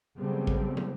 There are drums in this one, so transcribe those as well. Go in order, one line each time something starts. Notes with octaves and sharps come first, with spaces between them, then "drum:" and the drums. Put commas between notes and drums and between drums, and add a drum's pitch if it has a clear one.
C#3 F#3 G3 A3 B3 C4
drum: kick A1
drum: tom